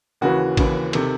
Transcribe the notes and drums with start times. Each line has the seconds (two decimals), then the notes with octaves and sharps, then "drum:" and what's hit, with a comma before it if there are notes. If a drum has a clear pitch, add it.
0.21 D#2 C#3 E3 F#4
0.57 D#2 C#3 E3, drum: kick A1, cymbal
0.93 C3 D#3 A4, drum: cymbal